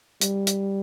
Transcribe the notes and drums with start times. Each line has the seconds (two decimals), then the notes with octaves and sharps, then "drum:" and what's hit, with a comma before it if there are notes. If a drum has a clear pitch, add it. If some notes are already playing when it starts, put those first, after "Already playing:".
0.21 G3, drum: hi-hat
0.47 drum: hi-hat